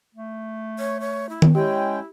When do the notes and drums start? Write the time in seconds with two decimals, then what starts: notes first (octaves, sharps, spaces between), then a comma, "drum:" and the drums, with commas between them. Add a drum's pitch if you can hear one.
0.15 A3
0.79 C#5
1.00 C#5
1.29 E4
1.42 drum: tom D#3
1.55 G#3 C#4 E4 G4 G5